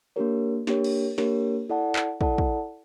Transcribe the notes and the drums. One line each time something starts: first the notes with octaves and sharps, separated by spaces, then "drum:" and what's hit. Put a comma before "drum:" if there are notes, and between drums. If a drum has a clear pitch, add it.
A#3 D4 G4 A#4 C#5
A#3 D4 G4 A#4 C#5, drum: snare
drum: cymbal
A#3 D4 G4 A#4 C#5, drum: snare
E4 A4 D5 F#5 A5
drum: clap
E4 A4 D5 F#5 A5, drum: kick
drum: kick